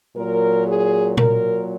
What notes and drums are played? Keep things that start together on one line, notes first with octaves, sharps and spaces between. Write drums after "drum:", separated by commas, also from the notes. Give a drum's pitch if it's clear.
A#2 F#3 A#4
G#4
A#2 F#3 A#4, drum: tom A#2